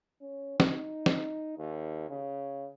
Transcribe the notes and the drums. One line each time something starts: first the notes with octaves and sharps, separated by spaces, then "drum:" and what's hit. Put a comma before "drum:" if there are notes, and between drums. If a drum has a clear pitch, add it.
C#4
D#4, drum: snare
drum: snare
D#2
C#3